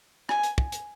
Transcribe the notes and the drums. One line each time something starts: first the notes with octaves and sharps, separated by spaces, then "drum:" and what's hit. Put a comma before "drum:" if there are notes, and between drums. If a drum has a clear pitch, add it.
G#5, drum: rim click
drum: hi-hat
drum: kick
drum: hi-hat